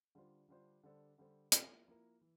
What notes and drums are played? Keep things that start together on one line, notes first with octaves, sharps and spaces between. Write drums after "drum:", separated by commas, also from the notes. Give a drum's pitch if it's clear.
D3 G3 D4 F4 C5
D3 G3 D4 F4 C5
D3 G3 D4 A4 C5
D3 G3 D4 A4 C5
F3 A#3 E4 A#4, drum: hi-hat
F3 A#3 E4 A#4
E3